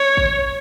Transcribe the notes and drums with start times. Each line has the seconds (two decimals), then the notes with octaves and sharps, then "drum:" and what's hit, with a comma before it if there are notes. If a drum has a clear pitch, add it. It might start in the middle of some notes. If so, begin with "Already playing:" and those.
Already playing: C#5
0.17 drum: kick